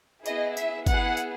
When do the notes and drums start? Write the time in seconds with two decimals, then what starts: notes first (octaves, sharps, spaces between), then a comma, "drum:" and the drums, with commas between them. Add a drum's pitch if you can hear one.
0.26 B3 E4 G#4 D#5, drum: tambourine
0.57 E5, drum: tambourine
0.87 B3 E4 G#4 F#5, drum: kick G1, tambourine
1.17 drum: tambourine